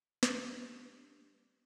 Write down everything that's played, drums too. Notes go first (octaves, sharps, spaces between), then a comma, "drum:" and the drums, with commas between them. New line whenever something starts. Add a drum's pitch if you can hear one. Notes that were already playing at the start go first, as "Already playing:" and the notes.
G3 D4 D#5, drum: snare